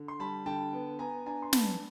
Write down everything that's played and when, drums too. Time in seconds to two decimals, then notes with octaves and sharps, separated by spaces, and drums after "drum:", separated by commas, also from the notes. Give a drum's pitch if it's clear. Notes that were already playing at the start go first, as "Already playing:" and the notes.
Already playing: D3
0.08 C6
0.20 G3 A5 B5
0.46 D3 G5 A5
0.73 B3
0.99 B3 G#5 A#5
1.26 D4 G#5 A#5
1.42 C6
1.53 B3 A5 B5, drum: snare